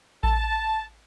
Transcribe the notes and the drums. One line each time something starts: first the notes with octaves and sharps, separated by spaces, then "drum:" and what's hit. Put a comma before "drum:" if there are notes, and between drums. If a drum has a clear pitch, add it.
A5, drum: kick A1